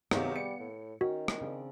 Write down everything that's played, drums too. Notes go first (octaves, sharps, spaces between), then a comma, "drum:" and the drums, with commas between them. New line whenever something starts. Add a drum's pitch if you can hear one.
C3 D#3 F#3 B3 D#4 G#4 F5, drum: rim click
G3 C#7
A2
D#3 C#4 F#4
drum: rim click
C#3 C4 D4